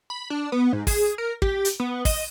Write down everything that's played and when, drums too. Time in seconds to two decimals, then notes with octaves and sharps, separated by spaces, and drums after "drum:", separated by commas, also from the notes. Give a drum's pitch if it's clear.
0.10 B5
0.30 D4
0.52 B3
0.73 G#2
0.87 G#4, drum: kick, open hi-hat
1.18 A#4
1.42 G4, drum: kick
1.65 drum: hi-hat
1.80 B3
2.05 D#5, drum: kick, open hi-hat